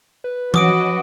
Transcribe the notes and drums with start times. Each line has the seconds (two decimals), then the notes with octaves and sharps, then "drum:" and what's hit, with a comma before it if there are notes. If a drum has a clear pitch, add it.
0.24 B4
0.54 F3 F#3 C#4 F#4 D#5 D6 D#6 D7, drum: tom E3